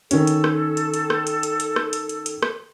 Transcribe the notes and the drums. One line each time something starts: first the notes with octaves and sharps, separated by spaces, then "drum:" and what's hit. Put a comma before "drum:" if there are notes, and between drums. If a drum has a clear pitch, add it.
D#3 C#4 A4, drum: hi-hat
drum: hi-hat
drum: rim click
drum: hi-hat
drum: hi-hat
drum: rim click
drum: hi-hat
drum: hi-hat
drum: hi-hat
drum: rim click
drum: hi-hat
drum: hi-hat
drum: hi-hat
drum: rim click